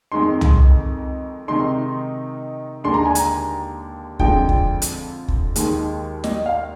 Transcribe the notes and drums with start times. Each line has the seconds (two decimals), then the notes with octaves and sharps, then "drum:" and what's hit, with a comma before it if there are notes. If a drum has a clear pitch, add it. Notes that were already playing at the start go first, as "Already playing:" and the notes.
0.12 F2 D#3 G#3 D#4 C6
0.41 drum: tom
1.48 C3 D#3 G#3 D#4 C6
2.84 D#2 D3 G#3 D4 C6
2.94 A#5
3.06 G#5
3.15 A#5, drum: hi-hat
4.19 F2 D3 F3 G#3 G5, drum: kick
4.49 drum: kick
4.82 drum: hi-hat
5.28 drum: kick
5.56 D#2 D#3 G#3, drum: hi-hat
6.24 D#5, drum: snare
6.46 F5